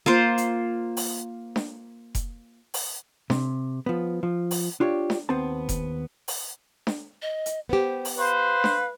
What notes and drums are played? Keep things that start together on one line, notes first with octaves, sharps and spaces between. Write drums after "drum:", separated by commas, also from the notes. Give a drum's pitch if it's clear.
A#3 F4 C5
drum: hi-hat
drum: open hi-hat
drum: snare D4
drum: kick F1, hi-hat
drum: open hi-hat
C3, drum: snare D4
F3 B3
F3
drum: open hi-hat
D4 F4 G4 C#5
drum: snare D4
D#2 B3 C4 C5 A5
drum: kick F1, hi-hat
drum: open hi-hat
drum: snare D4
D#5
drum: hi-hat
B3 G4 C5
drum: open hi-hat
B4 C5 F5
drum: snare D4